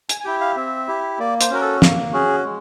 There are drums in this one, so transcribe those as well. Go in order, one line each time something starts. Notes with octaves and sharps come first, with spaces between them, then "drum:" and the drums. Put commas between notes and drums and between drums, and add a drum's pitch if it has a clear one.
G#5, drum: hi-hat
G#5
E4 G4 G5
F5
C4 E5
E4 G4
A#3 D5
C5, drum: hi-hat
C#4 F#4 A#4
A4
A#3, drum: snare
C#4 F#4 G#4
G#3